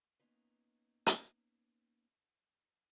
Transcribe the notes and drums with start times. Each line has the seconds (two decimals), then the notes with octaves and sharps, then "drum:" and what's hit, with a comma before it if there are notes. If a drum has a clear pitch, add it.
0.20 A#3 B3 C#4 D#4 F4 B4
1.06 drum: hi-hat